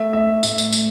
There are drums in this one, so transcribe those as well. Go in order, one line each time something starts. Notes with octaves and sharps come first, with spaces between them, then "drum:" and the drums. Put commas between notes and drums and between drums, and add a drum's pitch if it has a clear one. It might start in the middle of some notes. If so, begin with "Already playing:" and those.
Already playing: A3 E5
A3 E5
A2 E5, drum: tambourine
drum: tambourine
A3, drum: tambourine